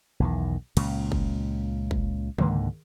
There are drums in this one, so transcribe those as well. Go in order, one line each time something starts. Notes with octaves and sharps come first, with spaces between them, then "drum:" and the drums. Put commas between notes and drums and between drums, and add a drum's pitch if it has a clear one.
B1 E2 D#3
C#2 A#2 C#3, drum: cymbal
drum: kick
drum: kick
C#2 G#2 D3 A#3, drum: tom D#3